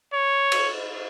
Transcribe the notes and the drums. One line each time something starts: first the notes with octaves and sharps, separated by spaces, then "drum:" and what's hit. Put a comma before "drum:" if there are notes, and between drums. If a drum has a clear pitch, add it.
C#5
drum: cymbal